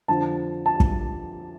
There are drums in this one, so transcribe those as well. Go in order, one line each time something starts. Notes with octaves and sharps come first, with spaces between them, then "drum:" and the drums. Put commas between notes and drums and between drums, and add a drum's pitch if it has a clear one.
F2 D3 F3 A5
A5
drum: kick